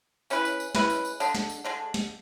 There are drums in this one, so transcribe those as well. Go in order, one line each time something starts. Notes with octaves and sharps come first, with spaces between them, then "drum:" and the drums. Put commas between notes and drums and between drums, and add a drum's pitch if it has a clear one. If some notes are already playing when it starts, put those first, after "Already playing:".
G#3 C#4 E4 B4, drum: tambourine
drum: tambourine
drum: tambourine
G#3 C#4 E4 B4, drum: snare
drum: tambourine
drum: tambourine
D3 G#3 D4, drum: tambourine
drum: snare
drum: tambourine
D3 G#3 D4
drum: snare